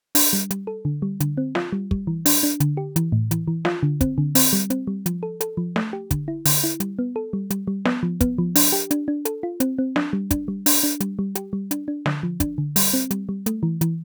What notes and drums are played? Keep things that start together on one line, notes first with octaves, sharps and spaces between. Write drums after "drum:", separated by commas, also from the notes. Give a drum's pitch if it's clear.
D4, drum: open hi-hat
G3
G3, drum: hi-hat
A4
D3
G3
D3, drum: hi-hat
C4
F4, drum: snare
G3
G3, drum: kick
E3
D4, drum: open hi-hat
D4
D3, drum: hi-hat
G4
E3, drum: hi-hat
A2
E3, drum: hi-hat
E3
F4, drum: snare
D3
C4, drum: kick, hi-hat
D3
C4, drum: open hi-hat
G3
C4, drum: hi-hat
G3
F3, drum: hi-hat
A4
A4, drum: hi-hat
F3
A3, drum: snare
G4
D3, drum: kick, hi-hat
E4
D3, drum: open hi-hat
E4
G3, drum: hi-hat
B3
A4
G3
G3, drum: hi-hat
G3
B3, drum: snare
F3
B3, drum: kick, hi-hat
F3
D4, drum: open hi-hat
G4
D4, drum: hi-hat
D4
A4, drum: hi-hat
F4
C4, drum: hi-hat
C4
D4, drum: snare
G3
D4, drum: kick, hi-hat
G3
D4, drum: open hi-hat
D4
G3, drum: hi-hat
G3
G4, drum: hi-hat
G3
D4, drum: hi-hat
D4
D3, drum: snare
F3
D4, drum: kick, hi-hat
D3
G3, drum: open hi-hat
C4
G3, drum: hi-hat
G3
A3, drum: hi-hat
E3
E3, drum: hi-hat